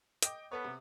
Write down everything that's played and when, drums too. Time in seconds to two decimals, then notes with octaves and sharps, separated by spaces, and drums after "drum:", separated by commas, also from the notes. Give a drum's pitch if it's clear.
0.22 D#5 G5 D6, drum: hi-hat
0.52 B3 A4 B4 C#5
0.64 C3